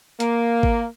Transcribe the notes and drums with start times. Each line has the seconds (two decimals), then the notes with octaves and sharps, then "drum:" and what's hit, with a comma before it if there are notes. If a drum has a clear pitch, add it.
0.20 A#3, drum: hi-hat
0.63 drum: kick G#1